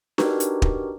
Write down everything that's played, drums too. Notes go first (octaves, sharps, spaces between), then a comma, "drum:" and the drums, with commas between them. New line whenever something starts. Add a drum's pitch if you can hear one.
D4 D#4 F#4 G4 A#4 B4, drum: snare D4
drum: hi-hat
drum: kick